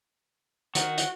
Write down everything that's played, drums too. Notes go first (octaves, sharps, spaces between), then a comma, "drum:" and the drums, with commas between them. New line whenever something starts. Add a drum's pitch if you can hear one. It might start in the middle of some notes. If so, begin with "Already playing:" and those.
D#3 F#4, drum: hi-hat
drum: hi-hat